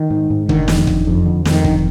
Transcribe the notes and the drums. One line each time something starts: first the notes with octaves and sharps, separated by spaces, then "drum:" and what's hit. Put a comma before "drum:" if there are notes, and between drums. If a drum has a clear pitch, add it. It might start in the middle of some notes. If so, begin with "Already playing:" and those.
Already playing: D#3
G#2
G#2
D3 D#3, drum: kick
F2, drum: snare
D3, drum: kick
F2
D3
F2, drum: snare
D#3
D3, drum: kick